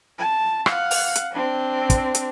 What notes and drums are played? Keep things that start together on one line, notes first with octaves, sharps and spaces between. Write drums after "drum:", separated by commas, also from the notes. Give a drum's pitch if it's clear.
A5
F5 F#5, drum: rim click
drum: open hi-hat
drum: hi-hat
C4 D4
drum: kick, hi-hat
drum: hi-hat